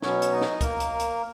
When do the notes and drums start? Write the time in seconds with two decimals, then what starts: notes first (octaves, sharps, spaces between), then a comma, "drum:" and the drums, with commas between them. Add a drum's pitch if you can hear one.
0.02 B2 F#3 B3 C#4 C#5, drum: snare
0.22 drum: hi-hat
0.31 D#4 D#5
0.41 drum: snare
0.61 A#3 A#4, drum: kick, hi-hat
0.80 drum: hi-hat
1.00 drum: hi-hat